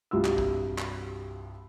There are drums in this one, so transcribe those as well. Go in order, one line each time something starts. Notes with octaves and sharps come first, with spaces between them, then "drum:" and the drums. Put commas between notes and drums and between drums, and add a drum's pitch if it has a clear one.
C2 G2 F4 F#4 E6
drum: clap
drum: kick
drum: clap